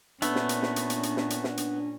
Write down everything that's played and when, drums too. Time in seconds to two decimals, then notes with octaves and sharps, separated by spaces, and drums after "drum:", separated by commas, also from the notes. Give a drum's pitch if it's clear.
0.22 A#2 A3 B3 C#4 D4, drum: hi-hat
0.36 drum: snare
0.49 drum: hi-hat
0.63 drum: snare
0.76 drum: hi-hat
0.90 drum: hi-hat
1.03 drum: hi-hat
1.17 drum: snare
1.30 drum: hi-hat
1.44 drum: snare
1.57 drum: hi-hat